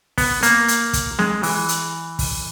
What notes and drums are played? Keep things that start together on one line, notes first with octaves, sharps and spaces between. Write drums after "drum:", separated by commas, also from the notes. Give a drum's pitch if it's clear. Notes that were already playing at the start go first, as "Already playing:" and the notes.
B3, drum: kick, open hi-hat
A#3, drum: hi-hat
drum: hi-hat
drum: kick, hi-hat
G#3, drum: snare
E3, drum: open hi-hat
drum: hi-hat
drum: kick, open hi-hat